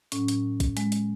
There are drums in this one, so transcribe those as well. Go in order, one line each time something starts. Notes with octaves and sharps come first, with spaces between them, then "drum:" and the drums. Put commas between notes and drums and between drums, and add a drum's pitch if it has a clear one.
A2 F#3 C#4, drum: hi-hat
drum: hi-hat
drum: kick, hi-hat
G#3, drum: hi-hat
drum: hi-hat